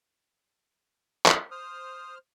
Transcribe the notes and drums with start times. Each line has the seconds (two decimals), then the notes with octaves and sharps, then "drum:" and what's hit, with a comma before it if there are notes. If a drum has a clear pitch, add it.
1.26 drum: clap
1.51 C5 D#6 F6